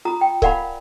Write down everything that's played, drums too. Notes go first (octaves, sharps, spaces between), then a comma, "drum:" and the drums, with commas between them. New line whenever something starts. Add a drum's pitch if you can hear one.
F4 A#5 D#6
G5
A#4 D5 F5 F#5 G#5 B5, drum: kick C#1